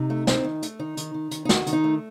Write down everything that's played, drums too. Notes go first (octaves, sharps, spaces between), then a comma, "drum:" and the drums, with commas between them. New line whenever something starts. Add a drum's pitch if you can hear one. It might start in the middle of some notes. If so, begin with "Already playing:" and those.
Already playing: C3 D#4
A3
C4, drum: snare
D#3
A3, drum: hi-hat
D#3 D#4
D#3, drum: hi-hat
D#3
D#3, drum: hi-hat
D#4
D#3 F#4, drum: snare
D#3, drum: hi-hat
D#4
A3